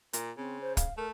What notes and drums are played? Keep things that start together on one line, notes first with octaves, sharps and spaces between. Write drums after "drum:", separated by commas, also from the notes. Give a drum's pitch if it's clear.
A#2, drum: hi-hat
C#3 C4
C5
F5, drum: kick, hi-hat
A3 A#4